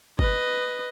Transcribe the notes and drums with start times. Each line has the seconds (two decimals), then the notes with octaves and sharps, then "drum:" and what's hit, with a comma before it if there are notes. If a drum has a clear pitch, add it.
0.19 B4 D#5, drum: kick G1